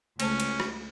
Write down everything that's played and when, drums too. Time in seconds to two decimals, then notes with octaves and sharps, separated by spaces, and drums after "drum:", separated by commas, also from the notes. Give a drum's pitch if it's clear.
0.20 C#2 A3 C#4 C5 A5, drum: cymbal
0.40 drum: cymbal
0.60 drum: rim click